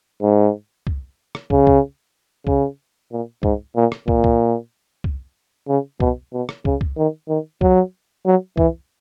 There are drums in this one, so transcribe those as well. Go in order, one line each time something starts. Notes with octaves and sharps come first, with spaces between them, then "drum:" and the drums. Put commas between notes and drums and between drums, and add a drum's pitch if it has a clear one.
G#2
drum: kick
drum: rim click
C#3, drum: kick
drum: kick
C#3, drum: kick
A#2
G#2, drum: kick
A#2
drum: rim click
A#2, drum: kick
drum: kick
drum: kick
C#3
B2, drum: kick
B2
drum: rim click
C#3, drum: kick
drum: kick
D#3
D#3
F#3, drum: kick
F#3
E3, drum: kick